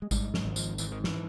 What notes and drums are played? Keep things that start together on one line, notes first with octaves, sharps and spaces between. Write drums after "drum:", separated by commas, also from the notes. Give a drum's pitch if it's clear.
G#3
G#2 G3, drum: kick G#1, tambourine
F#3, drum: snare
G#1
F3, drum: tambourine
G#2 E3, drum: tambourine
D#3
E3, drum: snare